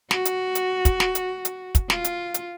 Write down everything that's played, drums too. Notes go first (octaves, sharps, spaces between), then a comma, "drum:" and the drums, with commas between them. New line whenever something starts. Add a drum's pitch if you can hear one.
F#4, drum: snare
drum: hi-hat
drum: hi-hat
drum: kick, hi-hat
drum: snare
drum: hi-hat
drum: hi-hat
drum: kick, hi-hat
F4, drum: snare
drum: hi-hat
drum: hi-hat